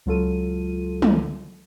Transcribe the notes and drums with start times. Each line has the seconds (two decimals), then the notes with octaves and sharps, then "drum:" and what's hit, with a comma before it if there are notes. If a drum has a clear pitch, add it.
0.06 C#2 F#3 F4 A4 D#7
1.02 drum: tom